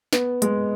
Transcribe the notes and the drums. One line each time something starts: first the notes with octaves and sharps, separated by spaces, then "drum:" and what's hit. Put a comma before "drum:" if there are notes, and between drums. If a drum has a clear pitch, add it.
B3, drum: snare
G#3, drum: hi-hat